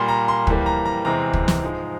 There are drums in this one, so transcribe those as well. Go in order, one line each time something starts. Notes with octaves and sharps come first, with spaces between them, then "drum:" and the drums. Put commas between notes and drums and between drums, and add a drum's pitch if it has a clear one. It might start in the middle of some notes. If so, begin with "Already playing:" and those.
Already playing: A#2 G3 A#3 C6
A#5
C6
F2 E3 G3 A#3, drum: kick
A#5
A#5
E2 C3 E3 G#3 C4 A#5
drum: kick
drum: snare
G#2 F3 G#3